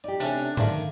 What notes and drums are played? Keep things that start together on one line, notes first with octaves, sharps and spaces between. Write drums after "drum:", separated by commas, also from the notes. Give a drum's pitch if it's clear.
D#4 G4 D5
C3 A3 C#4 D4, drum: hi-hat
D3 D#3 A3 D4 D5 E5 F5, drum: tom